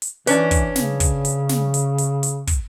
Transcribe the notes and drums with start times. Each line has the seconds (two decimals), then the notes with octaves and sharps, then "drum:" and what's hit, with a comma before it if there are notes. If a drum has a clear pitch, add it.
0.02 drum: hi-hat
0.27 E3 C#4 D4 B4 D5, drum: hi-hat
0.51 drum: kick, hi-hat
0.76 C#3, drum: snare
1.00 drum: kick, hi-hat
1.25 drum: hi-hat
1.49 drum: snare
1.74 drum: hi-hat
1.98 drum: hi-hat
2.23 drum: hi-hat
2.47 drum: kick, hi-hat